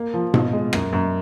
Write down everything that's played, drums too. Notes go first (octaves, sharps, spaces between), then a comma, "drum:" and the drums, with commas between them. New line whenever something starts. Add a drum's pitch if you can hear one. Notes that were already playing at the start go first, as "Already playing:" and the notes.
Already playing: A#3
F3
B2, drum: tom G#2
G#3
F#2, drum: rim click
F#2